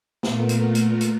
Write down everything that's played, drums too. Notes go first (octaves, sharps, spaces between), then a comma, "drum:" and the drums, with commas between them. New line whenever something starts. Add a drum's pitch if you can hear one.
A#2 A3 B3 F4 A#4, drum: snare
drum: hi-hat
drum: hi-hat
drum: hi-hat